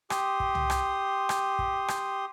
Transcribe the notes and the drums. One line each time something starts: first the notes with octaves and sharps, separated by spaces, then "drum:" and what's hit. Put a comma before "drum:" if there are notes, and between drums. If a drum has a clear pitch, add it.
G4 C6 D#6, drum: rim click
drum: kick
drum: tom
drum: rim click
drum: rim click
drum: kick
drum: rim click